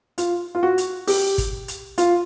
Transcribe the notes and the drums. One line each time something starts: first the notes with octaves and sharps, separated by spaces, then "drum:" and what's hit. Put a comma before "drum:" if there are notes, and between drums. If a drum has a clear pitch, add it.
F4, drum: hi-hat
F4
F#4
drum: hi-hat
G4, drum: open hi-hat
drum: kick, hi-hat
drum: hi-hat
F4, drum: hi-hat